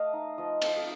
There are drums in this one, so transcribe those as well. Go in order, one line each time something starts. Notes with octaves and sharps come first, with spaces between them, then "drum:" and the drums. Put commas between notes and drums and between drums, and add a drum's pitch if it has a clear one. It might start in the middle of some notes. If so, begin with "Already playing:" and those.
Already playing: A3 D#5 F5
D#4
F3 D#5
C4 F4 F5, drum: cymbal
F5